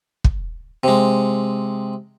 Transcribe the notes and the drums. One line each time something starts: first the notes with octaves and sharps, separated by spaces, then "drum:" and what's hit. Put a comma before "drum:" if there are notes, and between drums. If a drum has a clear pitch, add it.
drum: kick
C3 G#3